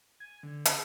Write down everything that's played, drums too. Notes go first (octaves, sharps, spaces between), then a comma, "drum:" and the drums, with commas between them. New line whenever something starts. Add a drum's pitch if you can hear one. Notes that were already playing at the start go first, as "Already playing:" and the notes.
G#5
D3
G#4, drum: hi-hat